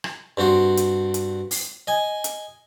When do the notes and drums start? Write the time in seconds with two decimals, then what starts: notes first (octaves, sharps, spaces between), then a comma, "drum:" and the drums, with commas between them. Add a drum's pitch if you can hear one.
0.04 drum: rim click
0.37 G2 C4 F#4 C6
0.77 drum: hi-hat
1.14 drum: hi-hat
1.51 drum: open hi-hat
1.87 D#5 G#5
2.24 drum: hi-hat